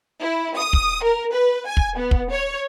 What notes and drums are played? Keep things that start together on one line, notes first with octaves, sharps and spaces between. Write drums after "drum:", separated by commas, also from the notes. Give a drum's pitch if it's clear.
E4
D#6
drum: kick
A#4
B4
G#5
drum: kick
B3
drum: kick
C#5